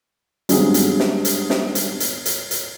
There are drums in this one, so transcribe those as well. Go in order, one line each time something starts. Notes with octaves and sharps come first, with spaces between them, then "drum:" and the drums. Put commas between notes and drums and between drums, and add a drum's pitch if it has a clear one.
G2 D#3 F#3 G#3 B3 C4, drum: hi-hat
drum: hi-hat
drum: snare
drum: hi-hat
drum: snare
drum: hi-hat
drum: hi-hat
drum: hi-hat
drum: hi-hat